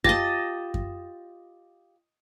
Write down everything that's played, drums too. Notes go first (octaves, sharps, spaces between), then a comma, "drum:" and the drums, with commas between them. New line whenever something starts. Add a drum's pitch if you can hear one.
F4 G4 D#5 A5 A6 A#6, drum: kick F#2
drum: kick F#2